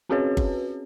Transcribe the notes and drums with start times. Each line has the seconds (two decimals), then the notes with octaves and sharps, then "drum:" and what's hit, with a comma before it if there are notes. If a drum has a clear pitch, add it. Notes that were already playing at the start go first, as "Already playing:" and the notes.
0.09 C4 C#4 F#4 G#4 B4 C#5
0.37 drum: kick G1